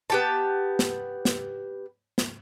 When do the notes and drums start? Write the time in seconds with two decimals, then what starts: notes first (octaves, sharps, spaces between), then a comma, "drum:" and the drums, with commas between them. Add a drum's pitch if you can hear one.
0.10 B3 G4 A5
0.79 drum: snare
1.25 drum: snare
2.18 drum: snare